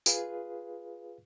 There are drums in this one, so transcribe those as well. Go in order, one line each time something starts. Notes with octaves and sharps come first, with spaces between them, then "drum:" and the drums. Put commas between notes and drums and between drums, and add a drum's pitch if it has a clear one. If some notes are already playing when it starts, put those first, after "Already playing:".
F4 G#4 B4 F5, drum: tambourine